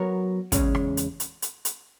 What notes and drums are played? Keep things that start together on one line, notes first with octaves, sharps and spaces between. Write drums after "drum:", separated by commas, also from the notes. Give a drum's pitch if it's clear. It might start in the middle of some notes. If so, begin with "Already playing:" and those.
Already playing: F#3 B3 F#4 A#4 C#5
E2 C#3 G#3 C#4, drum: kick, hi-hat
drum: rim click
drum: hi-hat
drum: hi-hat
drum: hi-hat
drum: hi-hat